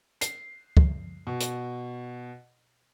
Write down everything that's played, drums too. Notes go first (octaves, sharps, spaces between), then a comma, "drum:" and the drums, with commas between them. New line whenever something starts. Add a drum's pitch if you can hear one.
C7, drum: hi-hat
drum: kick
B2
drum: hi-hat